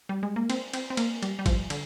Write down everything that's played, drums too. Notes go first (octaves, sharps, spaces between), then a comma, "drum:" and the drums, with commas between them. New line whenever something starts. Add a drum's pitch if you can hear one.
G3
G#3
A#3
C4, drum: cymbal
C4, drum: cymbal
C4
A#3, drum: cymbal
G3, drum: cymbal
G3
F3, drum: kick, cymbal
D3, drum: cymbal